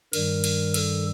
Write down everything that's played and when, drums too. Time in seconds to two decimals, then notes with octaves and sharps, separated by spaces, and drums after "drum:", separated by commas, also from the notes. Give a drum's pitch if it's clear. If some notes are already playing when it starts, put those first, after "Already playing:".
0.13 G2 D#3 G3 A#4, drum: cymbal
0.44 drum: cymbal
0.74 A4, drum: cymbal